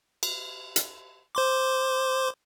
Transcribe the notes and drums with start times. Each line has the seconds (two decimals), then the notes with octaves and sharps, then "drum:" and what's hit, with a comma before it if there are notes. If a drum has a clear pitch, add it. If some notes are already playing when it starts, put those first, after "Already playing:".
0.23 drum: cymbal
0.76 drum: hi-hat
1.35 C5 C6 D6